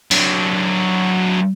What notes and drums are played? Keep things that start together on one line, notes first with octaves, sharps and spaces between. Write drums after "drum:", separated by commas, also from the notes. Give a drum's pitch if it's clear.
F#3 D4, drum: open hi-hat